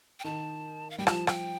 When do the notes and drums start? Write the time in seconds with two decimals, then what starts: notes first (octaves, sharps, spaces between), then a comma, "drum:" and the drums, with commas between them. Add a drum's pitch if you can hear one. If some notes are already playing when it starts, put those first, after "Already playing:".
0.20 G5
0.24 D#3 A5
0.90 F5
0.98 G3 G5
1.07 F3 A5, drum: rim click
1.27 G5, drum: rim click